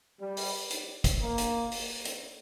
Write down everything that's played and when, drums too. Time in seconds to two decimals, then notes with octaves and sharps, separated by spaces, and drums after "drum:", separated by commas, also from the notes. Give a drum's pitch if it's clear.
0.20 G3
0.37 drum: open hi-hat
0.71 drum: hi-hat
1.04 drum: kick, hi-hat
1.21 A#3
1.38 drum: hi-hat
1.72 drum: open hi-hat
2.05 drum: hi-hat